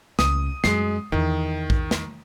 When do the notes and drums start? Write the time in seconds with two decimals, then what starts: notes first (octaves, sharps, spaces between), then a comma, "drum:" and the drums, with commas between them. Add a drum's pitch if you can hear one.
0.19 C#2 D#6, drum: snare
0.64 F#2 F#3 G#3 C7, drum: snare
1.12 E2 D#3 E3
1.70 drum: kick A#1
1.91 drum: snare